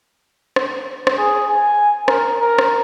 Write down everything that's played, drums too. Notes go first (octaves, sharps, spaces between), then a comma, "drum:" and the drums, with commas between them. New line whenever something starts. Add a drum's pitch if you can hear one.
drum: rim click
drum: rim click
G#4
G#5
A#4, drum: rim click
A#4
drum: rim click